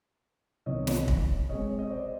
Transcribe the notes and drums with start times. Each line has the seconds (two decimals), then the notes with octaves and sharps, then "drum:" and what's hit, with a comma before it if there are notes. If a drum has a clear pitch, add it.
0.66 C2 C3 D#3 G3 B3 C#5 D#5
0.87 drum: snare
1.08 drum: kick
1.49 B2 G#3 C4 C#5 D#5
1.79 D#5
1.90 C5 D5